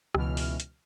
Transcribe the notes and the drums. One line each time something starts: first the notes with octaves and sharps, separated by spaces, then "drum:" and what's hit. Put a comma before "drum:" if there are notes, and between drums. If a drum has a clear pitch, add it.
C#2 B2 E3 F6, drum: rim click
drum: open hi-hat
drum: hi-hat